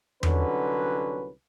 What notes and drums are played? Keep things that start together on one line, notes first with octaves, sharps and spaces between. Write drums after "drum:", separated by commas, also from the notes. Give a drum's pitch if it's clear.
C2 D3 F#3 C#4 B4, drum: tom E2